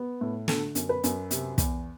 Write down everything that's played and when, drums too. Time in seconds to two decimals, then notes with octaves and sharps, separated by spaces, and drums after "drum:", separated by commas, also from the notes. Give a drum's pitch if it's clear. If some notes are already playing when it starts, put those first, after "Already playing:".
Already playing: B3
0.21 A2
0.48 D3 A4, drum: snare
0.75 F#2, drum: hi-hat
0.89 B4
1.04 F#2, drum: hi-hat
1.31 C3, drum: hi-hat
1.58 E2, drum: kick, hi-hat